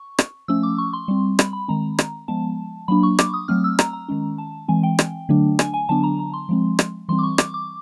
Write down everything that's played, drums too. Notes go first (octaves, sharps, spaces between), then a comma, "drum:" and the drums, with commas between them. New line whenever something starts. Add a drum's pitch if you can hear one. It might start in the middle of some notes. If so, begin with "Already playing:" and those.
Already playing: C#6
drum: rim click
F3 A3 C#4 E6
D6
C#6
C6
G3 C4
B5, drum: rim click
B5
D#3 G#3 C4 A#5
drum: rim click
F3 G#3 B3 A5
F#3 A#3 D4 B5
C#6
D6, drum: rim click
D#6
F#3 A3 C4 F6
E6
A#5, drum: rim click
A#5
D#3 G#3 C#4
A5
E3 G#3 C4 G#5
G5
drum: rim click
D3 F#3 A3 D4
G#5, drum: rim click
G#5
D3 F#3 B3 D4 A5
A#5
A#5
C6
F3 G#3 C4
drum: rim click
E3 G3 C4 C6
D6
C#6
D6, drum: rim click
D6